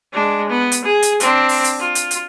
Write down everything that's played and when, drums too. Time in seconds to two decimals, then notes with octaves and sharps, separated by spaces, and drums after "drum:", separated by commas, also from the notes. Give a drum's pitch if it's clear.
0.13 G#3 D4
0.49 B3
0.72 drum: hi-hat
0.85 G#4
1.03 drum: hi-hat
1.20 C4 D4, drum: hi-hat
1.49 drum: open hi-hat
1.64 drum: hi-hat
1.80 F4
1.95 drum: hi-hat
2.11 drum: hi-hat